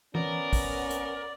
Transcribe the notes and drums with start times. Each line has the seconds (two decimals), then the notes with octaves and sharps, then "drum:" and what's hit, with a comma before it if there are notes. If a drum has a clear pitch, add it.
0.15 B3 C#4 A#4 D5, drum: tom E3
0.53 drum: kick, open hi-hat
0.91 drum: hi-hat